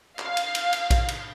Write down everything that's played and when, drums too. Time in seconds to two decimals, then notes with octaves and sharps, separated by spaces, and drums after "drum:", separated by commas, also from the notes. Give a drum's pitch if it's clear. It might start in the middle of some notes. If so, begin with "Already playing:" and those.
0.19 F5, drum: clap
0.37 drum: cymbal
0.55 drum: cymbal
0.73 drum: cymbal
0.90 drum: kick A#1, cymbal
1.08 drum: cymbal